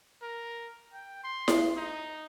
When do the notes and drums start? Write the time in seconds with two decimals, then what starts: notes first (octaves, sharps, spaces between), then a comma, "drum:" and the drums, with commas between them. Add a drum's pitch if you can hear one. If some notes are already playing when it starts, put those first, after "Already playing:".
0.22 A#4
0.93 G5
1.24 C6
1.48 drum: snare E4
1.77 D#4